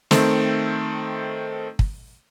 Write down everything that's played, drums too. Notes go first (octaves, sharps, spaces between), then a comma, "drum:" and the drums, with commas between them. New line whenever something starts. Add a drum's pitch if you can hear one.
D#3 A3 C4, drum: snare
drum: kick